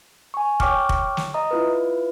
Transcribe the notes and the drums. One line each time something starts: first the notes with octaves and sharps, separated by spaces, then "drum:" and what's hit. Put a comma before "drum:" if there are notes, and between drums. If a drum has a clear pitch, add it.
G#5 C#6
C#5 G5 C#6 D6 F6, drum: kick F1
drum: kick F1
drum: snare
D#5 A#5 D#6
E4 F4 B4